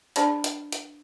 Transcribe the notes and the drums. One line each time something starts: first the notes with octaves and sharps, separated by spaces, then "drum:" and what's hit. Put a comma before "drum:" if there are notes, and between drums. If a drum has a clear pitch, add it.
D4 G#4 C5 D5 A5 B5, drum: hi-hat
drum: hi-hat
drum: hi-hat